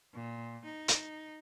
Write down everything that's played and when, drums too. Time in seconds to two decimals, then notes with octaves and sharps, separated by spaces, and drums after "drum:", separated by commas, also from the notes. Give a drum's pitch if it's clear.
0.14 A#2
0.65 D#4
0.88 drum: hi-hat